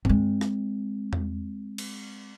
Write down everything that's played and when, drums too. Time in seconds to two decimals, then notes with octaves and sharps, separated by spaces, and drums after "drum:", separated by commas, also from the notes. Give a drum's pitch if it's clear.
0.05 G#3 C4, drum: tom G2
0.41 drum: rim click
1.13 drum: tom E2
1.78 drum: cymbal